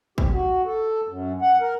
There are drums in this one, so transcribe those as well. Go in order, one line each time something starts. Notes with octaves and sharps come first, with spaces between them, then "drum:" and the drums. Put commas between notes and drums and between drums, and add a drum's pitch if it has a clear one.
G4, drum: kick
F#4
A4
F#2
F#5
A#4